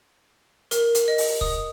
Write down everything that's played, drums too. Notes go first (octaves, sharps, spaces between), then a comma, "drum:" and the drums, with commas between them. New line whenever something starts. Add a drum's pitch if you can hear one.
A#4, drum: hi-hat
drum: hi-hat
D#5
drum: open hi-hat
D#6, drum: kick